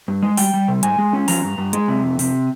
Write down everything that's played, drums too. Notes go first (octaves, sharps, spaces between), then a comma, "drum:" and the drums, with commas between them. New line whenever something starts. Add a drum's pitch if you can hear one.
G2
G#3
G3 G5, drum: open hi-hat
G3
C3
G#2 G#5, drum: hi-hat
G#3
C#4
F3 A#5, drum: open hi-hat
G2
G2
G#3, drum: hi-hat
C3
F2
C3, drum: open hi-hat